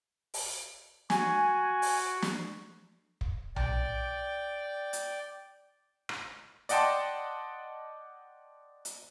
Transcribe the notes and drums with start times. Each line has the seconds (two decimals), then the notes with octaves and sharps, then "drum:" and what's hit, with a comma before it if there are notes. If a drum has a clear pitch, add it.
0.34 drum: open hi-hat
1.10 F#4 G#5, drum: snare
1.82 drum: open hi-hat
2.22 drum: snare
3.21 drum: kick
3.56 D5 G5, drum: tom B1
4.93 drum: hi-hat
6.09 drum: rim click
6.69 D5 D#5 F#5 G5 A5 C6, drum: hi-hat
8.85 drum: hi-hat